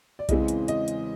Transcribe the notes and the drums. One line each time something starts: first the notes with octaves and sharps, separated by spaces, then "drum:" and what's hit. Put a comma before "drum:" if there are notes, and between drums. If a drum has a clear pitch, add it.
D5
E2 C#3 E3 G#3 C4 D#5, drum: kick B1, hi-hat
drum: hi-hat
D#5, drum: hi-hat
drum: hi-hat